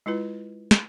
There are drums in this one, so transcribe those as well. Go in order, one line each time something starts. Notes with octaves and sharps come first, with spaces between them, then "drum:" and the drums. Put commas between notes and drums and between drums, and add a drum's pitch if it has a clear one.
G#3 E4 F4 B4
drum: snare